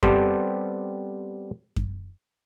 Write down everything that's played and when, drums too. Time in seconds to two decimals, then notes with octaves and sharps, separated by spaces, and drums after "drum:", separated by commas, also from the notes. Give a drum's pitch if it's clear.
0.03 G3 B3 C4 G4 A4 C5, drum: kick F#2
1.76 drum: kick F#2